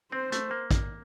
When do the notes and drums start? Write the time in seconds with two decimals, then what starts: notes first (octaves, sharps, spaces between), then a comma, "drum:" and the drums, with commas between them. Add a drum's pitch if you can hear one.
0.12 C4 C5
0.32 A3, drum: hi-hat
0.51 A#3
0.71 drum: kick, hi-hat